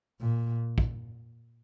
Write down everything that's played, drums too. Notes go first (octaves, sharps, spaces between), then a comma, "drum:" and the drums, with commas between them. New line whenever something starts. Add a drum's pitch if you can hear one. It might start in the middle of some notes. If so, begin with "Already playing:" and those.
A#2
drum: kick